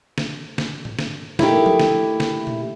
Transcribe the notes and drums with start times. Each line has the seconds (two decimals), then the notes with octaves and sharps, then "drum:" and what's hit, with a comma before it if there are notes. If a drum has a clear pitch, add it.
0.18 drum: snare
0.58 drum: snare
0.85 drum: tom G#2
0.99 drum: snare
1.39 A3 A#3 D#4 E4 G4, drum: snare
1.66 drum: tom F3
1.80 drum: snare
2.20 drum: snare
2.47 drum: tom A#2